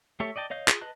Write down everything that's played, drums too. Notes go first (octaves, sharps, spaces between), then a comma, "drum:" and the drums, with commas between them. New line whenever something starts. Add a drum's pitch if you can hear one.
A3 G4 A4 C#5 E5
D5 D#5 G5 A5
C#5 D#5 F5 G6
F4 G#4, drum: clap
B4 D#5 A5 F#6